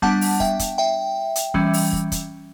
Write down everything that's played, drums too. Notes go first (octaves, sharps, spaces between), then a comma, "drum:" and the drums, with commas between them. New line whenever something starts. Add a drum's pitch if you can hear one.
G3 B3 D4 F#5 A5, drum: kick
drum: open hi-hat
E5 G5, drum: kick
drum: kick, hi-hat
E5 G5
drum: hi-hat
E3 G3 C#4, drum: kick
drum: open hi-hat
drum: kick
drum: kick, hi-hat